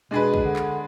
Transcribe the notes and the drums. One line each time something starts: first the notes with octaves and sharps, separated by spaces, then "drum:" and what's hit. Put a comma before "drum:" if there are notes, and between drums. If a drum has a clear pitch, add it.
B2 G#3 D4 G#4 B4
drum: kick
D3
drum: clap